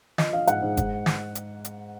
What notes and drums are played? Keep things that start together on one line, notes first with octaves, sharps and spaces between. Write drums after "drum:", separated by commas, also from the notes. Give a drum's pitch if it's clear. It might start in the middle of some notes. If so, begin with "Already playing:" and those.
F3 D#5, drum: snare
F3 F5
G#2 F#5, drum: hi-hat
G#2
G#2, drum: kick F#1, hi-hat
drum: snare
drum: hi-hat
drum: hi-hat